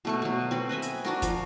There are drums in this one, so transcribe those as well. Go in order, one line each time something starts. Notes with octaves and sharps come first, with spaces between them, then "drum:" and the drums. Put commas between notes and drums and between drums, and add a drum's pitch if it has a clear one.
B2 A3 C#6
B2 F#3
C4 F#4 B4
B4 D#5 E5 G#5
drum: hi-hat
D4 F#4 A#4, drum: snare
F3, drum: kick, hi-hat